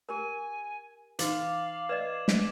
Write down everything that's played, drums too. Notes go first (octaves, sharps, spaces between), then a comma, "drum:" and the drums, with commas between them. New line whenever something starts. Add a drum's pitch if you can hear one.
G4 A#4 G#5
E3 D#4 F5 D6 A6 F#7, drum: hi-hat
B4 D5 D#5 G#6 E7
drum: snare